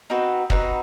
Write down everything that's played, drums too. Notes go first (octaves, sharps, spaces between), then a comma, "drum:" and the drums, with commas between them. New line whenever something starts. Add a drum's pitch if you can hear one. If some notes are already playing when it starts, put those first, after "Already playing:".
C4 D#4 F#4 B4
C4 D#4 F#4 B4, drum: kick